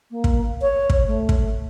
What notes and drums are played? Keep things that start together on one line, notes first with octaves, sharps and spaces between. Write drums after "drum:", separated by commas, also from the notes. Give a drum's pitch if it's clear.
A#3
drum: kick
C#5
drum: kick
A3
drum: kick